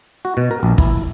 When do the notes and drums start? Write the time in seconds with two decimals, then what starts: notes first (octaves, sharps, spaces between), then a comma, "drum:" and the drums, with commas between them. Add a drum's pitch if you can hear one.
0.25 F#4
0.37 B2
0.51 A#4
0.63 A#1
0.78 E4, drum: kick